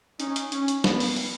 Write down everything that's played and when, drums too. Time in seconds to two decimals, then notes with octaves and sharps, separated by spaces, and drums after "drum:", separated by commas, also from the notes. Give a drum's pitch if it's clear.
0.20 C#4 D#4, drum: hi-hat
0.36 drum: hi-hat
0.52 C#4, drum: hi-hat
0.68 drum: hi-hat
0.84 B3, drum: snare
1.00 drum: open hi-hat
1.16 drum: open hi-hat